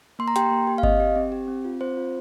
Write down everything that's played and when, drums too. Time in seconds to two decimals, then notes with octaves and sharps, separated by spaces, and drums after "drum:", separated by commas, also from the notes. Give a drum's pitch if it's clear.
0.19 A#3 C6
0.28 A#5
0.36 G4 G5 C6, drum: hi-hat
0.51 A#3
0.67 G4
0.78 F5
0.83 C4 D#5, drum: kick G1
1.00 G4
1.16 C4
1.32 G4
1.48 C4
1.65 F4
1.81 C4 C5
1.97 F4